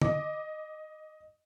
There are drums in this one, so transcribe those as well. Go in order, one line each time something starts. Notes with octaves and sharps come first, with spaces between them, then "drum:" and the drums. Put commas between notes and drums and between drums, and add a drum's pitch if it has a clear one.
D#5 D6, drum: tom